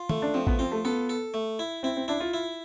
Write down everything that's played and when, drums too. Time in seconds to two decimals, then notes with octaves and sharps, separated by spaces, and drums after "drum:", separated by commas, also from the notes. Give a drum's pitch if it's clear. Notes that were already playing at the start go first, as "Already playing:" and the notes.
Already playing: F4
0.10 A3, drum: tom
0.22 D4
0.34 F3 C4
0.47 B3, drum: kick A1
0.59 C4 F4
0.72 A3
0.85 B3 A4
1.09 A4
1.34 A3
1.59 E4
1.83 C4 E4
1.97 C4
2.08 D4 E4
2.20 F4
2.33 E4